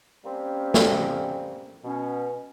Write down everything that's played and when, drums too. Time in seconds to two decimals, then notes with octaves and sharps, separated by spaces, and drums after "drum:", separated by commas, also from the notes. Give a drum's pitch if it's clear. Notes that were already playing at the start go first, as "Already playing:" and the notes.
0.25 G3 A#3 C4 C#4
0.74 drum: snare
1.84 B2 C#4